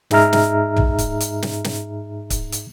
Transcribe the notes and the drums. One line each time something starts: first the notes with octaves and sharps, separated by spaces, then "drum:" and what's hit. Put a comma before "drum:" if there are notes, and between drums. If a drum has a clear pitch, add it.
G#2 D#4 G#4 E5 A#5 F6, drum: snare
drum: snare
drum: tom
drum: kick C#1, hi-hat
drum: hi-hat
drum: snare
drum: snare
drum: kick C#1, hi-hat
drum: hi-hat